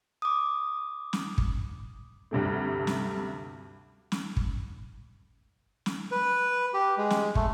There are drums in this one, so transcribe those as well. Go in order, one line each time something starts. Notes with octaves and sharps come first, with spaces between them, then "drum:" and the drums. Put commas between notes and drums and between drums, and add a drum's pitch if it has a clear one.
D6 D#6
drum: snare
drum: kick
D2 G2 C3 A3
drum: snare
drum: snare
drum: kick
drum: snare
B4
G4
G#3
drum: snare
A3, drum: kick